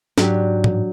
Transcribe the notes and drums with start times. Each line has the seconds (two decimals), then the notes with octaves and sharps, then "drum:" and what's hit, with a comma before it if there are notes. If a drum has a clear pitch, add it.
0.18 G#2 F#3 D4 G4, drum: snare
0.64 drum: tom A2